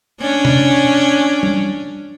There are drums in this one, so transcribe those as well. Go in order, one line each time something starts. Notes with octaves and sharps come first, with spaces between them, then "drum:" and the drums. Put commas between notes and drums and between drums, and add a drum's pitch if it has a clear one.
C#4 D4
drum: tom C3
drum: tom